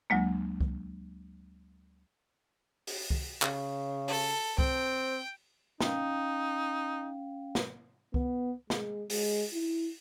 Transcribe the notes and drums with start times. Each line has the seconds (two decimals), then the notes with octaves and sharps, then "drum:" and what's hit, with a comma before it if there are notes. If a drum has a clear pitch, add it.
0.10 D2 F#3 G#3 A#3
0.60 drum: kick C2
2.87 drum: open hi-hat
3.10 drum: kick C2
3.42 C#3, drum: clap
4.08 A4, drum: open hi-hat
4.58 C4 G5, drum: kick C2
5.81 C#4 D#4 F5 G5, drum: snare
7.55 drum: snare
8.14 B3, drum: kick C2
8.70 G#3, drum: snare
9.10 G#3, drum: open hi-hat
9.53 E4